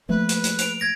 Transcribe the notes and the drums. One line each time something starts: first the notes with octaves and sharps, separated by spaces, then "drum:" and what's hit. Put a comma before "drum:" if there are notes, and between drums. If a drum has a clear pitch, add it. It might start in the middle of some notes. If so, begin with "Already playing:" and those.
F3 A3 A#3 B4
drum: hi-hat
drum: hi-hat
D7 F7, drum: hi-hat
G#6 A#6 D7